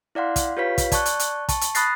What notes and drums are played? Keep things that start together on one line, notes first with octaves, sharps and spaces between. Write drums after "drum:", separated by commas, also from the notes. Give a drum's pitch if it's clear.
E4 D5 F5 F#5 C6
drum: kick, hi-hat
F4 G4 B4 C#5 F5 B6
drum: kick, hi-hat
D5 A5 C#6 F#6, drum: kick, hi-hat
drum: hi-hat
drum: hi-hat
A5 C#6, drum: kick, hi-hat
drum: hi-hat
B5 D#6 F#6 A6 A#6 C7, drum: hi-hat